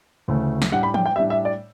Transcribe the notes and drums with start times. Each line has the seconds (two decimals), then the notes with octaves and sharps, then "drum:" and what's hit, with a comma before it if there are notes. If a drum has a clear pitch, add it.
0.28 D2 C#3 E3 A3
0.62 drum: snare
0.72 A2 G3 D4 G4 F#5
0.83 B5
0.94 G5, drum: tom E3
1.06 G5
1.16 A2 G3 D4 G4 E5
1.30 E5
1.45 D5